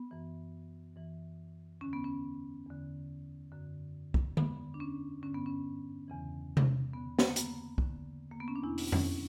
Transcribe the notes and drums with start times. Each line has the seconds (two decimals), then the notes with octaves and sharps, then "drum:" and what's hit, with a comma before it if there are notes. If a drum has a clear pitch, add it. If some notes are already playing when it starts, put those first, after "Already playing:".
Already playing: B3
0.11 F#2 E3
0.96 F#2 E3
1.81 E2 D3 C#4
1.93 B3
2.04 C#4
2.67 E2 D3
3.52 F#2 D3
4.14 drum: kick
4.37 E2 D3 B3, drum: tom D3
4.74 D4
4.80 C#4
5.22 G2 D3 C#4
5.35 B3
5.46 C#4
6.08 E2 C#3 E3
6.57 drum: tom C3
6.94 E2 D3 B3
7.19 drum: snare
7.30 A#3
7.36 B3, drum: hi-hat
7.78 E2 D3, drum: kick
8.32 A#3
8.40 B3
8.48 C#4
8.56 D4
8.63 E2 B2 E4
8.78 drum: open hi-hat
8.92 C#4, drum: tom F2